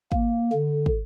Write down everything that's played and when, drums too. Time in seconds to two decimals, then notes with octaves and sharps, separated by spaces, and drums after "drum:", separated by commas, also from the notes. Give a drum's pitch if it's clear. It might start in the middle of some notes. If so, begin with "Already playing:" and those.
0.12 A#3, drum: kick
0.53 D3
0.86 drum: kick